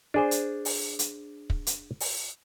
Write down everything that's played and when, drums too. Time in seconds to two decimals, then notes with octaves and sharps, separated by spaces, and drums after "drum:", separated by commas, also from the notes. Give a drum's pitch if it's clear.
0.14 D4 G#4 C5
0.31 drum: hi-hat
0.65 drum: open hi-hat
0.99 drum: hi-hat
1.50 drum: kick
1.67 drum: hi-hat
2.00 drum: open hi-hat